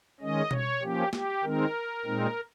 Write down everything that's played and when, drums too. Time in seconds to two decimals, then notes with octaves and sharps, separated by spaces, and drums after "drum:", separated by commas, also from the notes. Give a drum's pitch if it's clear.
0.20 D#3 G#3 C#4 D#5
0.51 C#5, drum: tom B2
0.82 F3 A#3 C#4 G4
1.13 G4, drum: snare
1.43 D#3 G#3 C4 D#4 A#4
2.05 A#2 G#3 C4 D#4